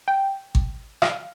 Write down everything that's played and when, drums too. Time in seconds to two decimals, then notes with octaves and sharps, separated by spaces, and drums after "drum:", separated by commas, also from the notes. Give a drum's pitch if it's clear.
0.08 G5
0.55 drum: kick G#1
1.02 F5, drum: rim click